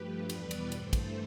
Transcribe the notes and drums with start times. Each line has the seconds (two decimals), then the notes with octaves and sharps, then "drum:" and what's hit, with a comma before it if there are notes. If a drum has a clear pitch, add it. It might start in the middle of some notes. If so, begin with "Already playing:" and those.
Already playing: G2 F3 A3 G4 B4
0.29 E2 B2 G3 B4 D5, drum: cymbal
0.51 drum: cymbal
0.72 G2 E3 A3 A4 C5, drum: cymbal
0.93 drum: kick, cymbal